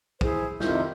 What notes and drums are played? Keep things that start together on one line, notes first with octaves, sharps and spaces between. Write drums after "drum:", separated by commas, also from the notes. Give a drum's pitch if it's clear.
E4 G#4 C5, drum: kick
F2 C3 D#3 E4 F4 G6, drum: snare